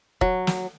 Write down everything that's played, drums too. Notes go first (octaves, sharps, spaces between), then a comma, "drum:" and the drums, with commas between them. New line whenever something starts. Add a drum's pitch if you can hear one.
F#3, drum: kick F1
drum: snare